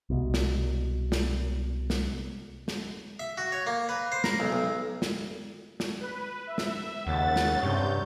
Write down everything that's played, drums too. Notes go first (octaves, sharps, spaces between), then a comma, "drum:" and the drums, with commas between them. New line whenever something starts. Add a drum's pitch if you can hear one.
C2 B2
drum: snare
drum: snare
drum: snare
drum: snare
E5
F#4
C#5
A#3
B4
C5
A#4, drum: snare
B1
B1
drum: snare
drum: snare
B4
E5
drum: snare
D#2 C#3 F#5 A6
drum: snare
G2 C3 C#5 G6